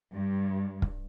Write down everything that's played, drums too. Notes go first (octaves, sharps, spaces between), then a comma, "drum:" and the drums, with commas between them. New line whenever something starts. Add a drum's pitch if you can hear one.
G2
drum: kick